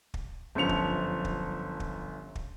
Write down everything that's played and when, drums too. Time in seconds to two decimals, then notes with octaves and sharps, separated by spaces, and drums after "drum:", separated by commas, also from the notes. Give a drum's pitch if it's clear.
0.14 drum: kick
0.55 G1 F#2 F3 C#7 F7
0.69 drum: kick
1.25 drum: kick
1.80 drum: kick
2.35 drum: kick